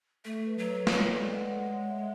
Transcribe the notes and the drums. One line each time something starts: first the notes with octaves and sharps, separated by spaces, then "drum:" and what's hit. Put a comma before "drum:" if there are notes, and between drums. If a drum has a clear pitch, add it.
A3 A4
B4
F#3
C#5
A3, drum: snare
G#3 C#5
D5
F#5
F#5
F#5
E5